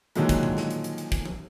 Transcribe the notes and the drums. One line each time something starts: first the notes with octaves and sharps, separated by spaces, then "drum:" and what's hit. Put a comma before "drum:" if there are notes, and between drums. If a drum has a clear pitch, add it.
A#2 D3 D#3 F3 F#3 G#3, drum: hi-hat
drum: kick, hi-hat
drum: tom A#2
drum: snare
drum: hi-hat
drum: hi-hat
drum: hi-hat
drum: kick, hi-hat
drum: tom F3